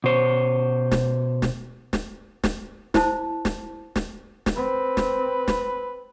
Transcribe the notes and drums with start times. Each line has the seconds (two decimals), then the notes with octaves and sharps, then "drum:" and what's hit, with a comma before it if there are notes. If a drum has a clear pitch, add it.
0.04 B2 C5 C#5
0.91 drum: snare
1.42 drum: snare
1.93 drum: snare
2.44 drum: snare
2.94 E4 C5 A5, drum: snare
3.45 drum: snare
3.96 drum: snare
4.46 drum: snare
4.56 C4 B4
4.97 drum: snare
5.48 drum: snare